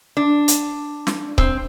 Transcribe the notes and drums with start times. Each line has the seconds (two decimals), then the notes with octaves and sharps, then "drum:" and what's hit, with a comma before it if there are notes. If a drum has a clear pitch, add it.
0.17 D4
0.48 drum: hi-hat
1.07 drum: snare
1.38 C4, drum: kick C#1